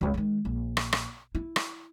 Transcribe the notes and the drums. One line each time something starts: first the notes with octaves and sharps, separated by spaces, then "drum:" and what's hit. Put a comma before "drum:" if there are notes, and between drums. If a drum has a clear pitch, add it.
C#2 C#3
D#3 G#3
A#1
drum: rim click
drum: rim click
E4
drum: rim click